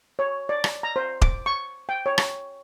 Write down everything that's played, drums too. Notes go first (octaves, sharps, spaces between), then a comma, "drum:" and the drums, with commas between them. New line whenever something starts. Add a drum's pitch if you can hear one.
C#5
D5
drum: rim click
A#5
C5
D6, drum: kick D#1
C#6
G5
C#5
drum: rim click